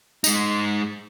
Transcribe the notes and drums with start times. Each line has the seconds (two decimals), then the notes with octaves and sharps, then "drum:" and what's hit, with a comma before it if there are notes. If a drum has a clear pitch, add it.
0.24 G#3 D#4, drum: tambourine